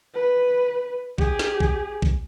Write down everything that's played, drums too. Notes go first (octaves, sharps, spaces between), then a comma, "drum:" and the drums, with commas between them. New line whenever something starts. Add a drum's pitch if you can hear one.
B4
G4 G#4, drum: kick A#1
drum: snare
drum: kick A#1
drum: kick A#1